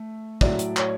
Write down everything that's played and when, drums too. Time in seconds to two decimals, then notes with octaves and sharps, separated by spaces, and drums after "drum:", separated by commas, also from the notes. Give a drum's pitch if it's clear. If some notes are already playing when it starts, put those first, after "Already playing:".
Already playing: A3
0.41 A2 F#3 A3 D5, drum: kick
0.59 drum: hi-hat
0.76 C#5, drum: clap